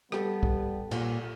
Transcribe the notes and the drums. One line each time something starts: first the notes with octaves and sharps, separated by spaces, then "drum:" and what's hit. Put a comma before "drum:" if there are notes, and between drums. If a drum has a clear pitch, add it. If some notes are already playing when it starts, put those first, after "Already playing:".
G3 B3 G4 A4, drum: rim click
drum: kick
A#2, drum: cymbal